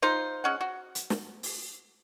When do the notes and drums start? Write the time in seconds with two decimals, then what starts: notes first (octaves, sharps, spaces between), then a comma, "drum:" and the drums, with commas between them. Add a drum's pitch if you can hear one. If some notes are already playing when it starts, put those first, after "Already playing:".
0.02 D#4 F4 C5
0.44 G#3 C#4 F#5
0.61 F#4
0.95 drum: hi-hat
1.10 drum: snare
1.43 drum: open hi-hat